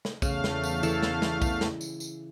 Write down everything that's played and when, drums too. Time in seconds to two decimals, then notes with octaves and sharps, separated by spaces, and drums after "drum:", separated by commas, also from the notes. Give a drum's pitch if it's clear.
0.05 drum: snare
0.22 E2 C#3 A3 F5, drum: kick, tambourine
0.44 drum: snare
0.63 drum: tambourine
0.83 E3 A4 A5, drum: tambourine
1.03 drum: snare
1.22 drum: snare
1.42 drum: kick, tambourine
1.61 drum: snare
1.81 drum: tambourine
2.00 drum: tambourine